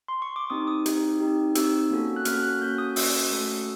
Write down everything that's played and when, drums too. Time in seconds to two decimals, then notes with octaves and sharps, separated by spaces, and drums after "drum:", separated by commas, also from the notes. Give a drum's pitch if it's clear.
0.08 C6
0.22 C#6
0.36 D6
0.50 C4 D#4 G4 D#6
0.67 D#6
0.86 C4 D#4 G4, drum: hi-hat
1.20 C4 D#4 G4
1.55 C4 D#4 G4 E6, drum: hi-hat
1.91 A#3 C#4 F#4 A4
2.16 F#6
2.25 A#3 C#4 F#4 A4 F6, drum: hi-hat
2.43 F#6
2.61 A#3 C#4 F#4 A4 G6
2.78 D#6
2.96 A#3 C#4 F#4 A4 E6, drum: open hi-hat
3.31 A3 C#4 F#4 A4